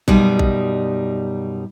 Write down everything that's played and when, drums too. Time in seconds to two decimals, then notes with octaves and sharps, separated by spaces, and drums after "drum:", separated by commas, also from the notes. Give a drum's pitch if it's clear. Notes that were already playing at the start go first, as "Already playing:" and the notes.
0.08 F#2 B2 G3 D#4, drum: kick A#1
0.39 drum: kick A#1